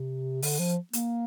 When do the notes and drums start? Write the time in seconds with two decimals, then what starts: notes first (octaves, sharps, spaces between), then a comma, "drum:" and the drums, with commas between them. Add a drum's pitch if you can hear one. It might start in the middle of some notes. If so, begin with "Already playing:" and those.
Already playing: C3
0.42 D3, drum: open hi-hat
0.59 F3
0.93 A#3, drum: hi-hat